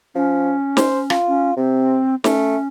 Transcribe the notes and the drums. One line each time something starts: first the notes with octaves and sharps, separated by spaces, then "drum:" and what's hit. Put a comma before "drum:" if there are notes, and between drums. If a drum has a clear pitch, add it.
F3 C#4
C5, drum: snare
F4, drum: rim click
C#4
C3 C4
A3 C#4, drum: snare